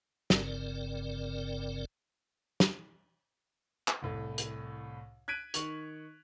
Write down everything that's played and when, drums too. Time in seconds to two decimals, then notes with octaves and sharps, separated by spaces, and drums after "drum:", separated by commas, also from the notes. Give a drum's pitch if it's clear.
0.30 G1 G2 C#3 C4 A#4 D5, drum: snare
2.60 drum: snare
3.88 drum: clap
4.02 C2 A2
4.38 drum: hi-hat
5.28 F#6 G#6 B6 D7 D#7
5.54 D#3 C#6 F7 F#7, drum: hi-hat